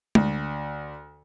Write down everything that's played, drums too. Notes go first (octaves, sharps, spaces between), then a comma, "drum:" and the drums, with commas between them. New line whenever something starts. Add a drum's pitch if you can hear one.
D2, drum: tom